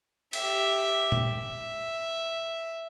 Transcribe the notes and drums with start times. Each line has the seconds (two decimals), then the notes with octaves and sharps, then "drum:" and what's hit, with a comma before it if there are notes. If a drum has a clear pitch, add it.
0.33 G4 E5, drum: cymbal
1.12 drum: tom A#2
1.38 E5